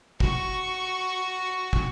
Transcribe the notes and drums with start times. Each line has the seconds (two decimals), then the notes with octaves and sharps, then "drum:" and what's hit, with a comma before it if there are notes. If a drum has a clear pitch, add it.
0.20 F#4 C#6, drum: kick
1.73 drum: kick